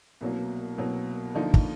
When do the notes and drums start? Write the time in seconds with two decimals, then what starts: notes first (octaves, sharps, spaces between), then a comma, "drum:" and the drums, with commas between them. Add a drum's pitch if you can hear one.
0.21 C2 B2 F#3 A#3
0.77 C2 B2 F#3 A#3
1.35 D2 D3 F3 A#3 D#4
1.54 drum: kick